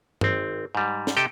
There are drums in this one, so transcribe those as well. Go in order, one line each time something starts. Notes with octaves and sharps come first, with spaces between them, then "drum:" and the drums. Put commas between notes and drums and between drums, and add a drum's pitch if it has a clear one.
G#1 C4, drum: tom G2
G#2 G3
drum: snare
C3 G4 A4 D#5 G5